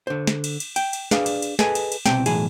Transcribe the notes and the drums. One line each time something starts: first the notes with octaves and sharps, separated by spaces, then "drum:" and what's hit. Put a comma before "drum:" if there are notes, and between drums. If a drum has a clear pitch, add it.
D3 C5
drum: snare
drum: cymbal
drum: cymbal
G5, drum: cymbal
drum: cymbal
D4 G#4 B4 D5 F5, drum: snare
drum: cymbal
drum: cymbal
G#4 A4 B4 D#5 G#5, drum: snare
drum: cymbal
drum: cymbal
C2 B2 C4 G5, drum: snare
B1 A2 E3 G#4 G#5, drum: cymbal